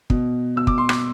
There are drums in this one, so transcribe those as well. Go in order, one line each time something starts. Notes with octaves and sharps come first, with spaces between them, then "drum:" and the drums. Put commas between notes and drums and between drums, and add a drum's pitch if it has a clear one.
B2, drum: kick
B2 E6
D6, drum: kick
C6
D6, drum: rim click